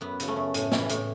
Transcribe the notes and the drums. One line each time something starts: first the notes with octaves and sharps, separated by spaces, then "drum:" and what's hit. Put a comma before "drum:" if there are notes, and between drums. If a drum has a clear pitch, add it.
F#2 B3
C#3, drum: hi-hat
A3 C#4
F#2
A2, drum: hi-hat
E3, drum: snare
A2, drum: hi-hat